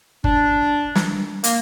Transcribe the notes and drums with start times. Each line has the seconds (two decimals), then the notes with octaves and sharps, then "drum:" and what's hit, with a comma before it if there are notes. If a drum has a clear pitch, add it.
0.24 D4, drum: kick G1
0.95 drum: snare
1.44 A#3, drum: hi-hat